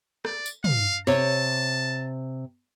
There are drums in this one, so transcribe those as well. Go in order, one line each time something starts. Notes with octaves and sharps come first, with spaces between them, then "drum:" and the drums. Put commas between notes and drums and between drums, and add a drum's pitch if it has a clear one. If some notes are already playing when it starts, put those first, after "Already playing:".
D5, drum: rim click
drum: tambourine
F5, drum: tom
C3 C#5 A5, drum: snare